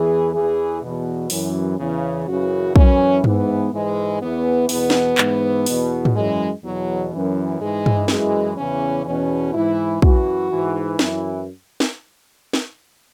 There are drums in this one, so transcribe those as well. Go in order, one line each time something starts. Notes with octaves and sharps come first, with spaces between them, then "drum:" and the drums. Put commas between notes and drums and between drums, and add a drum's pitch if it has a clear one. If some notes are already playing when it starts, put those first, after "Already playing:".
Already playing: E2 E3 G#4
E2 E3 G#4
E2 B2
F#2 E3, drum: open hi-hat
E2 C#3 E3
F#2 C#3 E3 F#4
F#2 E3 C#4, drum: kick
G#2 E3 B3, drum: tom G2
G#2 E3 G#3
E2 E3 B3
E2 B2 B3, drum: open hi-hat
drum: snare
G#2 E3, drum: clap
E2 B2, drum: open hi-hat
drum: tom G#2
F#2 E3 G#3
E2 B2 F#3
F#2 E3
G#2 E3 G#3
drum: tom G2
F#2 E3 G#3, drum: snare
E2 C#3 E3 C#4
E2 B2 C#4
G#2 E3 E4
F#2 E3 F#4, drum: kick
G#2 E3
F#2 E3 E4, drum: snare
drum: snare
drum: snare